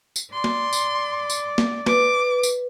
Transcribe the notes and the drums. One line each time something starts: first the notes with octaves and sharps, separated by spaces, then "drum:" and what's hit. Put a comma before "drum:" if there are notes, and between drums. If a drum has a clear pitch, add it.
drum: tambourine
D5 C6
drum: snare A#3
drum: tambourine
drum: tambourine
drum: snare A#3
B4 D6, drum: snare A#3
drum: tambourine